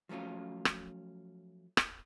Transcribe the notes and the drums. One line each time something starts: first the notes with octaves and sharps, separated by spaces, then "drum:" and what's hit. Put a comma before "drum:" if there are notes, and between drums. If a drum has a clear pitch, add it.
F3 F#3 A3 C#4 F4
drum: rim click
drum: rim click